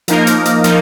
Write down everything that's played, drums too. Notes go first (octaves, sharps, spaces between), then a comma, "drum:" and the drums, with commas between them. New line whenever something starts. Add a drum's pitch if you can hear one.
F3 A#3 D#4 A#4, drum: hi-hat
drum: hi-hat
drum: hi-hat
F3 A#3 D#4, drum: hi-hat